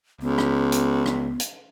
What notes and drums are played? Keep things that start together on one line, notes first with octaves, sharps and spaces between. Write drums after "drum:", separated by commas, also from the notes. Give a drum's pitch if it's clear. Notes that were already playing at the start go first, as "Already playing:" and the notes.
C#2 B3
drum: rim click
drum: hi-hat
drum: rim click
drum: hi-hat